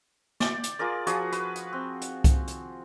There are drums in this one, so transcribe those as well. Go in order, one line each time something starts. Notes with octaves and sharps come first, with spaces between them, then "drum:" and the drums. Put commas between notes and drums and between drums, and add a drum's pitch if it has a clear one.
D5 G5, drum: snare
drum: hi-hat
F4 G#4 A#4 D5
F3 F#4 G#4 D#6, drum: hi-hat
B4, drum: hi-hat
drum: hi-hat
C4
drum: hi-hat
drum: kick C2, hi-hat
drum: hi-hat